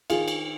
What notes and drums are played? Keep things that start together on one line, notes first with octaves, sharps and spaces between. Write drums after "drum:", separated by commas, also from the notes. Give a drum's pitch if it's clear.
D#3 F4 G#4, drum: cymbal
drum: cymbal